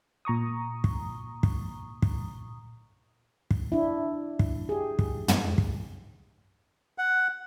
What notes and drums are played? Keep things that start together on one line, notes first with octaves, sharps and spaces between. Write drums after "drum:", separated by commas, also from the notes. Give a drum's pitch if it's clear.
A#2 A#5 C#6 D#6
drum: kick
drum: kick
drum: kick
drum: kick
D4 E4
drum: kick
G4 G#4
drum: kick
drum: tom
drum: kick
F#5